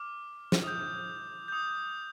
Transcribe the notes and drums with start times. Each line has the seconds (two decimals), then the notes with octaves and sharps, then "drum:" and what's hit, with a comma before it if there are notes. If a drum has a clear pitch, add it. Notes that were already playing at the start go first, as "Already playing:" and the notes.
Already playing: D6 F6
0.52 drum: snare
0.63 D#6 G6
1.48 D#6 G6